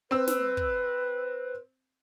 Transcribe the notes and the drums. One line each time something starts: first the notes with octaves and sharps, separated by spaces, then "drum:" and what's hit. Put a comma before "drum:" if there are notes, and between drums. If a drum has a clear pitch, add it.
C4 B4 E6
drum: snare
drum: kick